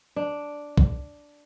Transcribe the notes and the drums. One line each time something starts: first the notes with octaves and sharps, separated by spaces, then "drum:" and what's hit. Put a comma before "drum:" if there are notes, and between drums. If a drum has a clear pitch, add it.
D4
drum: kick